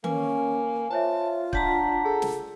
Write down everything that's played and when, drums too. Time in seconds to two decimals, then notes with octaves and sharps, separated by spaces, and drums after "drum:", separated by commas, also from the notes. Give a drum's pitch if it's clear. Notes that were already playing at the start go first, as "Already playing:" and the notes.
0.04 A#3 C#4 B4 G#5, drum: tom D#3
0.90 F4 C5 C#5 E5 A5
1.53 D4 F#5 A5 A#5 G6 B6, drum: kick C#1
2.05 G#4 A4
2.22 drum: snare